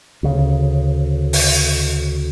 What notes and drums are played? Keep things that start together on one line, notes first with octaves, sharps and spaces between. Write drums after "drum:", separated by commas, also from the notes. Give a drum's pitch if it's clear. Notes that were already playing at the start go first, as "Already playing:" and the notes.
D2 C#3
drum: open hi-hat